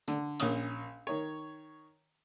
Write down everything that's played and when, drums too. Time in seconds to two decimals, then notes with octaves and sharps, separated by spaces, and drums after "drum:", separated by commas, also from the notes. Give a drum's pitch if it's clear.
0.08 D3, drum: tambourine
0.40 A#1 C#4 D#6, drum: open hi-hat
1.07 D#3 C#5